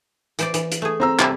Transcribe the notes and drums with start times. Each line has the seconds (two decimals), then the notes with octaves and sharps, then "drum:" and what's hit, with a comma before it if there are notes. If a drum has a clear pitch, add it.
0.39 E3 C5 D5, drum: hi-hat
0.54 E3, drum: hi-hat
0.72 drum: hi-hat
0.82 A3 G#4
1.00 C4 A#5 E6
1.19 C3 G3 E4, drum: clap